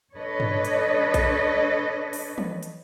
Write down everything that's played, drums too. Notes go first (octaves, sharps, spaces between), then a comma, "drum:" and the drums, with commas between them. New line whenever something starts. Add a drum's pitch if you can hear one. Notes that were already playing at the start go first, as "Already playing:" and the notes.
D4 A4 B4 C#5 D#5
drum: tom G2
drum: hi-hat
drum: kick A#1, hi-hat
drum: open hi-hat
drum: tom E3
drum: hi-hat